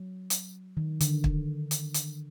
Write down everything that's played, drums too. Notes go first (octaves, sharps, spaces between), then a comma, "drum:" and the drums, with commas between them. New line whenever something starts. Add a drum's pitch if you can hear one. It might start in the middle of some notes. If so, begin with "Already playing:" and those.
Already playing: F#3
drum: hi-hat
D#3
D3, drum: hi-hat
drum: kick
drum: hi-hat
drum: hi-hat